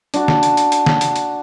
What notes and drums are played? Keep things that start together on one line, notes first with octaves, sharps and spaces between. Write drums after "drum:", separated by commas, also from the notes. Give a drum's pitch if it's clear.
D4 F#4, drum: hi-hat
drum: snare
drum: hi-hat
drum: hi-hat
drum: hi-hat
drum: snare
drum: hi-hat
drum: hi-hat